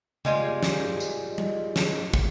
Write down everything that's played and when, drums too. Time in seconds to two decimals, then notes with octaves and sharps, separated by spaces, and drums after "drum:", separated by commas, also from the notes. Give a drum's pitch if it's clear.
0.25 G3 G#3 F4 G#4, drum: tom C#3
0.63 drum: snare
1.00 drum: tambourine
1.38 drum: tom G3
1.76 drum: snare
2.14 drum: kick